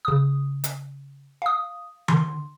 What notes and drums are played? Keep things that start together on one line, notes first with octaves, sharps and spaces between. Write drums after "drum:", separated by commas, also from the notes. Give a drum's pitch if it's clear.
C#3 D#6
drum: hi-hat
F5 D#6
C6, drum: tom D#3